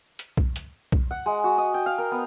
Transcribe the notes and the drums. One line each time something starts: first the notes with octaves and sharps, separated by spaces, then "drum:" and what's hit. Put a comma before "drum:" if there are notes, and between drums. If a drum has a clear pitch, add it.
drum: hi-hat
drum: kick B1
drum: hi-hat
drum: kick B1
F#5
G#3
F#4
D#5
G5
F5
A#4
B3